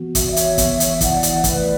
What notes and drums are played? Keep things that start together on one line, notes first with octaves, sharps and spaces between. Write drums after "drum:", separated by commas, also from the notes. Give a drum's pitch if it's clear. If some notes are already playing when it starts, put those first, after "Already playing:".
Already playing: E3 B3 F#4
F#4 E5, drum: kick, hi-hat
D5
C#5 E5
E3, drum: hi-hat
B3, drum: kick, hi-hat
E3, drum: hi-hat
E4 D5 F#5, drum: kick, hi-hat
E3, drum: hi-hat
E5
A3 B4 D5, drum: kick, hi-hat